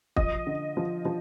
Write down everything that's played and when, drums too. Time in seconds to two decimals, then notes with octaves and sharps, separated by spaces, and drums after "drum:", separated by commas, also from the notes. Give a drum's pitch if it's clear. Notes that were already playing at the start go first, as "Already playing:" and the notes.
0.16 F3 D#5 D#6, drum: kick
0.47 D3
0.77 F3
1.05 F3